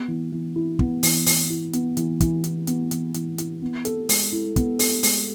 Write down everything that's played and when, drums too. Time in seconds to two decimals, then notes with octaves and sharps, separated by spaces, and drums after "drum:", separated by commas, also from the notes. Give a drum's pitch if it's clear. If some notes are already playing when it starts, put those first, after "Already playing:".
Already playing: B3
0.08 E3
0.32 E3
0.56 E4
0.79 B3, drum: kick
1.03 E3, drum: open hi-hat
1.26 E3, drum: open hi-hat
1.50 E4
1.73 B3, drum: hi-hat
1.97 E3, drum: hi-hat
2.20 E3, drum: kick, hi-hat
2.44 E4, drum: hi-hat
2.67 B3, drum: hi-hat
2.91 E3, drum: hi-hat
3.14 E3, drum: hi-hat
3.38 E4, drum: hi-hat
3.62 B3
3.85 A4, drum: hi-hat
4.09 G#3, drum: open hi-hat
4.32 E4
4.56 B3, drum: kick, hi-hat
4.79 A4, drum: open hi-hat
5.03 G#3, drum: open hi-hat